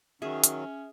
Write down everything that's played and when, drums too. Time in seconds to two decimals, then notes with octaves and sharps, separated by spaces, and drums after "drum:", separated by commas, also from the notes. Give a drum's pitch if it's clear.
0.22 D#3 F#3 C#4 G#4 E5
0.44 drum: hi-hat